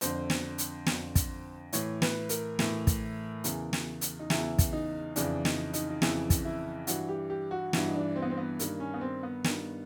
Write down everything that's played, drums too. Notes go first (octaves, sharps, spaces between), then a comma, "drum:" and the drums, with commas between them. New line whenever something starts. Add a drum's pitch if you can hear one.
F2 D3 C5, drum: hi-hat
drum: snare
drum: hi-hat
F2 D3, drum: snare
drum: kick, hi-hat
A2 E3 C#5, drum: hi-hat
B4, drum: snare
A#4, drum: hi-hat
A2 E3, drum: snare
drum: kick, hi-hat
E2 C#3 E3, drum: hi-hat
drum: snare
drum: hi-hat
D#4
E2 C#3 E3 E4, drum: snare
drum: kick, hi-hat
D#4
F2 C#3 E3 D4, drum: hi-hat
D#4, drum: snare
D#4, drum: hi-hat
D#4
F2 C#3 E3 E4, drum: snare
drum: kick, hi-hat
E4
G2 E3 F#4, drum: hi-hat
G4
G4
F#4
G2 E3 F#4, drum: snare
D#4
D4
C4
B3
C4
B3
G2 D#3 A#3, drum: hi-hat
C#4
B3
C4
B3
G2 D#3, drum: snare